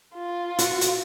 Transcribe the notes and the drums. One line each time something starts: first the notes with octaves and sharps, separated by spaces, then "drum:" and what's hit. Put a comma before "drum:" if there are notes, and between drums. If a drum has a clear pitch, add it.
F4
F#4, drum: hi-hat
drum: hi-hat